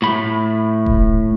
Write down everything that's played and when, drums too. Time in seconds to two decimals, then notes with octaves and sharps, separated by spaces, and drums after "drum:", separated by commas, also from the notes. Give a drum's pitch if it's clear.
0.02 A2 B5
0.86 drum: kick D#1